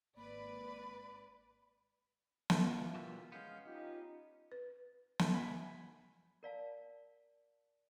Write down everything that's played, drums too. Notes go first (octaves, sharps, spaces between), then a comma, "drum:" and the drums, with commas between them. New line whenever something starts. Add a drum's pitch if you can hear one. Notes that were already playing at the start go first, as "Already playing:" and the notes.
G#1 A#3 B4 D5 B5
drum: snare
E3 A#3 F4
B2 D3 G3
G#3 B3 C#4 F5 G6
D#4 F4 G4
B4
drum: snare
G#5 B5
A#4 D5 F5 A5